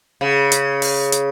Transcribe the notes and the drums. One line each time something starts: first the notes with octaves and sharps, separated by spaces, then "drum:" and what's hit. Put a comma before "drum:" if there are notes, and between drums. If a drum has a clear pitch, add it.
C#3
drum: hi-hat
drum: open hi-hat
drum: hi-hat